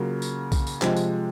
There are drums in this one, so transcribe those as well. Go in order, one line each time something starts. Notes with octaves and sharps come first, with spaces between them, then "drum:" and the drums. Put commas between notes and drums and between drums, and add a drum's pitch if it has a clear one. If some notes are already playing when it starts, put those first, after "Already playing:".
Already playing: C#3 F#3 A#3 F4
drum: tambourine
drum: kick B1, tambourine
drum: tambourine
C3 F3 G#3, drum: clap
drum: tambourine